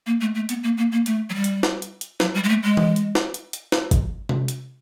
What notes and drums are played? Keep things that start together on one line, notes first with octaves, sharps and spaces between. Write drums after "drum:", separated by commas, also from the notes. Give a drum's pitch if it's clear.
A#3
A3
A3
B3, drum: hi-hat
A#3
A#3
A#3
A3, drum: hi-hat
F#3
G3
drum: hi-hat
drum: snare
drum: hi-hat
drum: hi-hat
F#3, drum: snare
G3
G#3
A3
G#3
drum: tom E3
drum: hi-hat
drum: snare
drum: hi-hat
drum: hi-hat
drum: snare
drum: kick G#1, hi-hat
drum: tom C3
drum: hi-hat